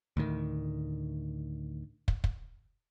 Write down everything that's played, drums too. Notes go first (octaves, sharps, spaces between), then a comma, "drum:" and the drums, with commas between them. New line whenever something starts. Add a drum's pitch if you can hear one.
D2 A2 D#3
drum: kick
drum: kick